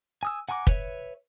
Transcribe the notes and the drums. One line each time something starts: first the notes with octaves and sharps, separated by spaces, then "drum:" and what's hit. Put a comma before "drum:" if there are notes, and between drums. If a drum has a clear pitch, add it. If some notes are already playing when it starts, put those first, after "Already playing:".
G#5 D#6 E6
F#5 G#5 A#5 C#6 D6
B4 C#5 E5, drum: kick